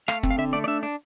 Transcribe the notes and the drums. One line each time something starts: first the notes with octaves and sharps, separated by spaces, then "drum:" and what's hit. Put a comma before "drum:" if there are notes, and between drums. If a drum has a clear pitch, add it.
A3 F5, drum: rim click
C4, drum: kick
F5
D3 E5
A3 D5
D5
D4 E5
D4